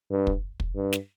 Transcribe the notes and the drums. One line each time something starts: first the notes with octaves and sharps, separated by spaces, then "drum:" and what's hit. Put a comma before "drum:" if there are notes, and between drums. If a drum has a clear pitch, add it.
G2
drum: kick
drum: kick
G2
drum: snare